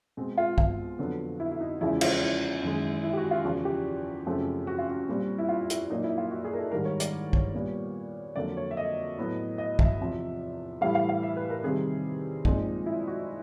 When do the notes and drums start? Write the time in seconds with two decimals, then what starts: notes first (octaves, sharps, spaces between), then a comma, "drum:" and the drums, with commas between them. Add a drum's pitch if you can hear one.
0.17 B2 G#3 C4
0.38 F4
0.58 F4, drum: kick
0.99 F2 D3 F#3 B3
1.40 E4
1.51 E4
1.61 D#4
1.81 E2 C#3 F3 G#3 E4
2.01 F4, drum: cymbal
2.21 E4
2.63 F#2 D#3 G#3
3.04 E4
3.13 G4
3.17 F#4
3.31 F4
3.44 E2 C#3 F3 F#4
3.65 G4
4.26 F#2 C#3 F3 A3 C4
4.67 F#4
4.78 F4
4.90 F#4
5.08 A#2 G3 C4
5.38 E4
5.49 F4
5.70 E4, drum: hi-hat
5.90 A#2 F#3 A#3 D#4
6.04 E4
6.18 F4
6.31 F#4
6.45 G#4
6.53 A#4
6.58 A4
6.71 G#2 D#3 G3 A#4
6.85 C#5
7.00 D5, drum: hi-hat
7.33 C#5, drum: kick
7.54 A#2 G3 B3
8.36 F2 D3 F#3 A#3 D5
8.57 C#5
8.71 E5
8.77 D#5
9.18 A2 F#3 B3
9.58 D#5
9.79 E5, drum: kick
10.00 E2 C3 F3
10.81 A2 E3 G3 F5
10.95 F5
11.09 F5
11.23 E5
11.36 B4
11.50 A#4
11.64 C3 D#3 G3 C4 G#4
12.45 A#2 F3 G#3 C4 D#4, drum: kick
12.86 E4
13.07 F#4